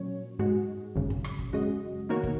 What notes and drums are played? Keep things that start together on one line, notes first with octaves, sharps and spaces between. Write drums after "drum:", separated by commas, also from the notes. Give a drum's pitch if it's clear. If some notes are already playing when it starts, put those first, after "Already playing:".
Already playing: A#2 F#3 C#4 C#5
G#2 G#3 F#4
G#1 F#2 C#3
drum: kick
drum: rim click
drum: kick
F#2 C#3 G#3 F#4 D#5
D#3 A#3 F#4 A#4 C#5
drum: kick